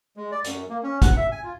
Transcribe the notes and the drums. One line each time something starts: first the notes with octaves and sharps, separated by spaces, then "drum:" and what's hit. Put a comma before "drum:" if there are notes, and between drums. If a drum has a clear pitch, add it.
G#3
D5
F#2, drum: hi-hat
A#3
C#4
F#5, drum: kick, hi-hat
E5
G#5
F4